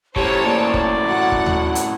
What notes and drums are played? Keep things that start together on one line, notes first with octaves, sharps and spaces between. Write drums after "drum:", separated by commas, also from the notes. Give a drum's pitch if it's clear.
F#2 A2 G4 C5 C#5 A5, drum: kick
A#3 D5
drum: kick
F#4 F#5
drum: kick
drum: tom D#2
drum: hi-hat